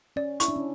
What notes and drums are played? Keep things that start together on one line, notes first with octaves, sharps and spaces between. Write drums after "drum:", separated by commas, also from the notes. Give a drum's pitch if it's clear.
C#4 D5
E4 C#6, drum: hi-hat
D4
C#4